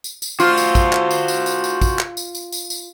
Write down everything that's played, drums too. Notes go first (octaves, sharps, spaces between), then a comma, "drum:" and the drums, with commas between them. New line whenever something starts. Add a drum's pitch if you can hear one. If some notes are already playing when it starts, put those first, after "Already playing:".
drum: tambourine
drum: tambourine
F4 F#4 C5, drum: tambourine
drum: tambourine
drum: kick, tambourine
drum: clap
drum: tambourine
drum: tambourine
drum: tambourine
drum: tambourine
drum: kick, tambourine
drum: clap
drum: tambourine
drum: tambourine
drum: tambourine
drum: tambourine